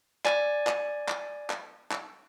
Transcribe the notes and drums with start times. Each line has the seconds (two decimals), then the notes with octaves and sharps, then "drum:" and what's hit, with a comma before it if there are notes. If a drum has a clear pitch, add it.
0.26 D5 G#5, drum: clap
0.67 drum: clap
1.09 drum: clap
1.50 drum: clap
1.91 drum: clap